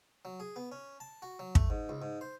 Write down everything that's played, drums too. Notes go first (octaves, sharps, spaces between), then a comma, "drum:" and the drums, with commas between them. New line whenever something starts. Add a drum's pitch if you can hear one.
F#3
G#4
B3
C#4
A5
F#4
F#3
A3, drum: kick
G#2
C#2
G#2
C5